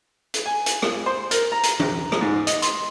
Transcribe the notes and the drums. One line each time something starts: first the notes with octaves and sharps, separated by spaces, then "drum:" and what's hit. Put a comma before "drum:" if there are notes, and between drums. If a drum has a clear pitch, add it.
drum: hi-hat
G#5
drum: hi-hat
drum: rim click
C5
A#4, drum: hi-hat
A#5
drum: hi-hat
drum: tom
drum: rim click
G#2
D#5, drum: hi-hat
C6, drum: hi-hat